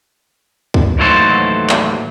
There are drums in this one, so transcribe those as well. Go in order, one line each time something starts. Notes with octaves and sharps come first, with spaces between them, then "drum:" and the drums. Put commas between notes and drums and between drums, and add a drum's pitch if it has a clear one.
drum: kick C2
D#2 A2 E3 F#3 A4 C5
drum: clap